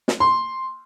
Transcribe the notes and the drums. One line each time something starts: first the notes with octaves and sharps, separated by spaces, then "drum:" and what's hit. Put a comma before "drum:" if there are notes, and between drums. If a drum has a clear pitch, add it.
drum: snare
C6